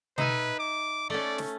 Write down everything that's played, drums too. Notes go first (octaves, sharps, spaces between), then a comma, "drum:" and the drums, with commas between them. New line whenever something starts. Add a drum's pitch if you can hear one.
D#4 B4 E5 G#5, drum: tom B2
D6
A3 C#4 D5
drum: snare